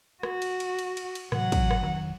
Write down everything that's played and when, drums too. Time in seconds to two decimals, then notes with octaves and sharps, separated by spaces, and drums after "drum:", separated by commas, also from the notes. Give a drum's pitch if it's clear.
0.23 F#4, drum: rim click
0.42 drum: cymbal
0.60 drum: cymbal
0.79 drum: cymbal
0.97 drum: cymbal
1.15 drum: cymbal
1.32 A2 C3 E3 F#3 F#5, drum: rim click
1.52 drum: kick, cymbal
1.71 drum: rim click
1.81 F1 C3 D#3